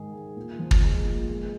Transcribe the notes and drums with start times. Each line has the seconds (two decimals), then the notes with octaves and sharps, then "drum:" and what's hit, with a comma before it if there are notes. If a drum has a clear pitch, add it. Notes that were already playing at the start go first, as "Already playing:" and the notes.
Already playing: G#2 D#3 G#3 G#4
0.14 G#3
0.37 A#2
0.59 F3
0.71 drum: kick
0.82 G#3
1.05 A#2
1.29 G#3